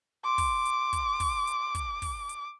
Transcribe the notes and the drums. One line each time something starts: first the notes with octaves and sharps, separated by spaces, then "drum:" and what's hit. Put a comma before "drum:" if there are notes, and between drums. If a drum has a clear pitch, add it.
C6 D6
drum: kick, open hi-hat
drum: hi-hat
drum: kick, hi-hat
drum: kick, open hi-hat
drum: hi-hat
drum: kick, hi-hat
drum: kick, open hi-hat
drum: hi-hat